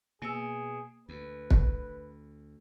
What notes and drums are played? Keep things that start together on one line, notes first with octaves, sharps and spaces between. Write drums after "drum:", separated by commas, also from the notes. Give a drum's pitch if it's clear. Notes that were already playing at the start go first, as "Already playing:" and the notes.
B2 A#3 G#4 E6
D2 B4
drum: kick